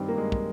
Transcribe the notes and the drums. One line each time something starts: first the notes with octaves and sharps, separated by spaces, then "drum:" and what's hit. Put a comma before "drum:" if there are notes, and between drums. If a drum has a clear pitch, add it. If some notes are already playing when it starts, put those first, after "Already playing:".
Already playing: G2 D#3 G3 C4 G4
A#3
G#3
drum: kick